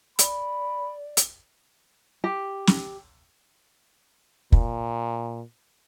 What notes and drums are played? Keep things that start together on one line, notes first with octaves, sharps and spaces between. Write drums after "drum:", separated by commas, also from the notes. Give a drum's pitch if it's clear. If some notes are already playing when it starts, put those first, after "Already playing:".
D5 B5, drum: hi-hat
drum: hi-hat
G4
drum: snare
A#2, drum: kick